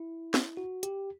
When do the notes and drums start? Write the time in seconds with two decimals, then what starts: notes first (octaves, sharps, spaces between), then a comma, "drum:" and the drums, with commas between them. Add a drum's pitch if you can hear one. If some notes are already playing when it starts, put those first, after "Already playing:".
Already playing: E4
0.34 drum: snare
0.57 F#4
0.83 G4, drum: hi-hat